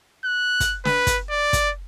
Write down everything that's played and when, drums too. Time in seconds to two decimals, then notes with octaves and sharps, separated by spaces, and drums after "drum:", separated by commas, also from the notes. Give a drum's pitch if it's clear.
0.25 F#6
0.60 drum: kick, hi-hat
0.85 B4, drum: snare
1.07 drum: kick, hi-hat
1.30 D5
1.53 drum: kick, hi-hat